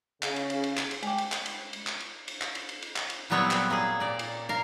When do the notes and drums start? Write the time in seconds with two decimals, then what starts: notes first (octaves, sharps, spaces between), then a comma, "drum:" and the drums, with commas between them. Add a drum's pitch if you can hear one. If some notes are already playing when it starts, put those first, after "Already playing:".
0.23 C#3, drum: clap
0.36 drum: cymbal
0.50 drum: cymbal
0.64 drum: cymbal
0.77 drum: clap
0.91 drum: cymbal
1.03 G3 G#3 G4, drum: cymbal
1.18 drum: cymbal
1.32 drum: clap
1.46 drum: cymbal
1.73 drum: cymbal
1.87 drum: clap
2.00 drum: cymbal
2.28 drum: cymbal
2.41 drum: clap
2.55 drum: cymbal
2.69 drum: cymbal
2.82 drum: cymbal
2.96 drum: clap
3.10 drum: cymbal
3.30 A#2 F#3 G3 B3 C4 C#5
3.51 drum: clap
3.70 A#3 G#4
4.00 A#2 D5
4.19 drum: cymbal
4.49 A#4 F5